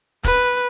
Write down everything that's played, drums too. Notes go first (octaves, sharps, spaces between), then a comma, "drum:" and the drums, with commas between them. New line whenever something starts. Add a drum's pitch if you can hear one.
B4, drum: kick, hi-hat